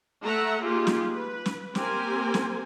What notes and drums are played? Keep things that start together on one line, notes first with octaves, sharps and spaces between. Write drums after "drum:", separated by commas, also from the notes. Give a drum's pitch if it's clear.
A3 E5 F#5 A#5
A#3 D#4 F4 G4 G#4
drum: snare
B4
drum: snare
A#3 C4 G4 A#4 C5 G#5, drum: snare
drum: snare